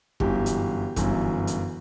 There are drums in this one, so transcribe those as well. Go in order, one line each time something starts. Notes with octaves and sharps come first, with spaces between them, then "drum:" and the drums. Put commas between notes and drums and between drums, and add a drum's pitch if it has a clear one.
G1 F#2 E3 G4, drum: kick
drum: hi-hat
G1 F#2 E3, drum: kick, hi-hat
drum: hi-hat